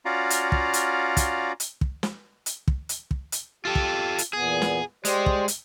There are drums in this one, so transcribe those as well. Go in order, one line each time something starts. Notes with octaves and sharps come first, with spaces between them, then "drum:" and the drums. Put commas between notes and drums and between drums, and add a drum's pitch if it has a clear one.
C#4 F4 F#4 D5 F5 A#5
drum: hi-hat
drum: kick
drum: hi-hat
drum: kick, hi-hat
drum: hi-hat
drum: kick
drum: snare
drum: hi-hat
drum: kick
drum: hi-hat
drum: kick
drum: hi-hat
F4 G4 A4
drum: kick
drum: hi-hat
E2 A#2 B3 G#4
drum: snare
G#3 G4 C5 D5, drum: hi-hat
drum: kick
drum: hi-hat